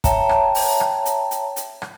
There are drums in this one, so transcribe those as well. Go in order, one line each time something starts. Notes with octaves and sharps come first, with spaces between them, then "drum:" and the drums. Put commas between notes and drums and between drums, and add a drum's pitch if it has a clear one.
C#5 E5 G5 A5 A#5, drum: kick, hi-hat
drum: rim click
drum: open hi-hat
drum: rim click
drum: hi-hat
drum: hi-hat
drum: hi-hat
drum: rim click